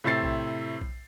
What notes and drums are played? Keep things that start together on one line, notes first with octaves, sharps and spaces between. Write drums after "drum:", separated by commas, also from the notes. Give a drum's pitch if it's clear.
A2 C3 E4 C5 A6 C7
drum: kick B1
drum: kick B1